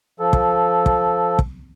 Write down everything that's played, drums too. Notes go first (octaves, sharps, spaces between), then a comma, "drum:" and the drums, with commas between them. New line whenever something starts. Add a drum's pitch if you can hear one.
F3 A4
drum: kick
drum: kick
drum: kick